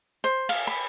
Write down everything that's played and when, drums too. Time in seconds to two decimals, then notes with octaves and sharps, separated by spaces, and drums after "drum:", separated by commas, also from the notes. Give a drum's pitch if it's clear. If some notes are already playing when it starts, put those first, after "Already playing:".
0.24 C5
0.49 F5, drum: cymbal
0.67 B5